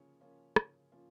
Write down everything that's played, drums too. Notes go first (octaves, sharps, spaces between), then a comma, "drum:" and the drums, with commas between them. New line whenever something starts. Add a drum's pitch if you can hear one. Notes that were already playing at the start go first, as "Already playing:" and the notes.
Already playing: C#3 F3 A#3 C#4 F4 C#5
F3 A#3 C#4 F4
C#3, drum: rim click
F3 A#3 C#4 F4